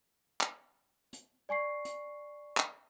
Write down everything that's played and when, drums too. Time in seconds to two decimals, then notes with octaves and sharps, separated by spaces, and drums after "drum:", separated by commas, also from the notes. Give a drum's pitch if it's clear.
0.41 drum: clap
1.13 drum: hi-hat
1.49 D5 G#5 C#6 C7
1.85 drum: hi-hat
2.57 drum: clap